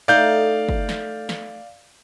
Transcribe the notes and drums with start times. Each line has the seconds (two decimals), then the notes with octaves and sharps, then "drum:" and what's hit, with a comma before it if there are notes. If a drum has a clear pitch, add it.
0.08 A3 D#4 D5 F5 G6
0.69 drum: kick
0.89 drum: snare
1.29 drum: snare